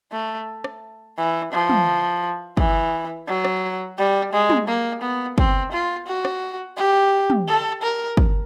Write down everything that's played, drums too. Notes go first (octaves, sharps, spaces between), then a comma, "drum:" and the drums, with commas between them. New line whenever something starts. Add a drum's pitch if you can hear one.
A3
drum: rim click
E3
F3
drum: tom
E3, drum: kick
F#3
drum: rim click
G3
G#3
drum: tom
A#3
B3
C4, drum: kick
F4
F#4
drum: rim click
G4
drum: tom
A4
A#4
drum: kick